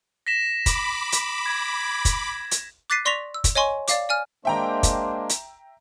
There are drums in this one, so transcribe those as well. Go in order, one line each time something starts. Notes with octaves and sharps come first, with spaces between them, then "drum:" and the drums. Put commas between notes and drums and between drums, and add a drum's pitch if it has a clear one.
A#6 B6 E7
B5 D6, drum: kick, hi-hat
drum: hi-hat
G#6
drum: kick, hi-hat
drum: hi-hat
D6 F#6 A6 B6 C7 D#7
D5 C6 C#6 A#6 B6 F7
E6
drum: kick, hi-hat
C#5 D#5 G#5 C6 C#6
D5 F5 D6, drum: hi-hat
D5 G#5 F6
G#3 A#3 D4 C5 E5 G5 A#5
drum: kick, hi-hat
drum: hi-hat